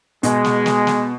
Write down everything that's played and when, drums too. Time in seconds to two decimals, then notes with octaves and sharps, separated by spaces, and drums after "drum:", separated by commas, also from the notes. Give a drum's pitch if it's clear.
0.23 B2 G#3, drum: hi-hat
0.44 drum: snare
0.66 drum: snare
0.87 drum: snare